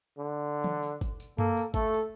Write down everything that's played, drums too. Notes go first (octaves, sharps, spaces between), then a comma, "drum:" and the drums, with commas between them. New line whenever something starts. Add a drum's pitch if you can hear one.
D3
drum: tom E3
drum: tambourine
drum: kick G#1, tambourine
drum: tambourine
A#3 A4, drum: tom F#2
drum: tambourine
A3 A4, drum: kick G#1, tambourine
drum: tambourine